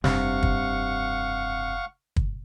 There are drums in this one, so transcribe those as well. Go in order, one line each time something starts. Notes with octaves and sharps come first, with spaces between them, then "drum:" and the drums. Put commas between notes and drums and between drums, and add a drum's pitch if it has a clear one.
F1 G2 C3 F5 F#5 C#6, drum: snare
drum: kick
drum: kick